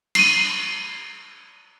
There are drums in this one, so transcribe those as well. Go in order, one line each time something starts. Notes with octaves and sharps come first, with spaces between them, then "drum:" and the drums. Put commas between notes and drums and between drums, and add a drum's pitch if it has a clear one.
C7 D#7, drum: cymbal